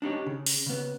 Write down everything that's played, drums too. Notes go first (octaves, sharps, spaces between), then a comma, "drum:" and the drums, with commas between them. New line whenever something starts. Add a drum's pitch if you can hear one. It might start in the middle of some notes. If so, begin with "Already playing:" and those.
D4 D#4 G4 C#5
C#3
drum: open hi-hat
C#3 B3